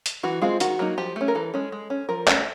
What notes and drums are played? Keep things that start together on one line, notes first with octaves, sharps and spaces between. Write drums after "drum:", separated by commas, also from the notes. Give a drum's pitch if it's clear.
drum: hi-hat
E3 F#4
G#3 C4 F4
D#3 F#4, drum: hi-hat
F#3 A#3 D#4
F3 G4
A3 C#4
A#4
E3 A4
G#3 C#4
G#3
C#4
F3 A#4
A3 C#4, drum: clap